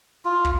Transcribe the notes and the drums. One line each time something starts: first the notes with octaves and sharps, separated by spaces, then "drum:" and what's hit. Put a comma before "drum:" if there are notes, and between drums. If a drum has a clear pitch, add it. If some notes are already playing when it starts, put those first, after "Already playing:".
F4
drum: kick